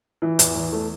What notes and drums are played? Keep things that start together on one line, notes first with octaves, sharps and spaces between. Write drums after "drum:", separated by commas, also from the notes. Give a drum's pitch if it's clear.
E3
E2, drum: hi-hat
E2
A3